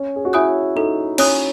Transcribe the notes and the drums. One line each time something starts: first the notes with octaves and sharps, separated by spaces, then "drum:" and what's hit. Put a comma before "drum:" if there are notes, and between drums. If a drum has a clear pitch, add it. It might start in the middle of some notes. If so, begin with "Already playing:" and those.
Already playing: C#4
G#4
F#4
E4 C#5 G#5 D#6 F#6
D#4 A4
C#4 C#5 G#5 D#6 F#6, drum: cymbal